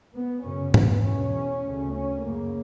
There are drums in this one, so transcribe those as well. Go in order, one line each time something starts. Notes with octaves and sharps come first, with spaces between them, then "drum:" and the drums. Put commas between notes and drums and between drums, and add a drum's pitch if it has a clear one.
B3
F#2 C#3 C#4
B3, drum: tom G#2
E2 B2 C#4
D2 C#3
C#4
F#2 C#3 A#3